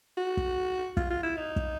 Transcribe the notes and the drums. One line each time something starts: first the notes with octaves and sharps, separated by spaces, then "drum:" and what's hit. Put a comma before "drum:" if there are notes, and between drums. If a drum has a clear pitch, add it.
F#4
drum: kick
F4, drum: kick
F4
E4
D#4
drum: kick